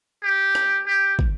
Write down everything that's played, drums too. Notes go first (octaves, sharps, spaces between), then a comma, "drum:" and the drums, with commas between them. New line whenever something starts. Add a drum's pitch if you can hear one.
G4
drum: rim click
G4
drum: kick